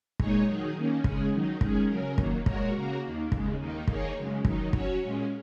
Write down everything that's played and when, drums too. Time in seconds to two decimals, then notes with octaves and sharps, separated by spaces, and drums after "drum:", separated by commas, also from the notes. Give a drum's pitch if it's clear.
0.19 A#2 G#3 D#4 G#4 C#5, drum: kick
0.48 D#3 F#3 D#4 G#4
0.76 D#3 A#3 C#4
1.04 C#3 G#3 C#4 G#4, drum: kick
1.33 D#3 F#3 D#4
1.61 D#3 G#3 C#4 G#4, drum: kick
1.89 C#3 F#3 C#4 A#4
2.18 D#3 F#3 A#3, drum: kick
2.46 A#2 G#3 F#4 A#4 C#5, drum: kick
2.75 C#3 A#3 F#4 A#4
3.03 D#2 D#3 A#3
3.32 D#2 C#3 G#3, drum: kick
3.59 D#2 D#3 A#3 D#4
3.88 D#3 A#3 D#4 G#4 C#5, drum: kick
4.16 F#2 C#3 G#3
4.45 D#3 F#3 D#4, drum: kick
4.73 F#3 C#4 F#4 C#5, drum: kick
5.01 A#2 G#3 C#4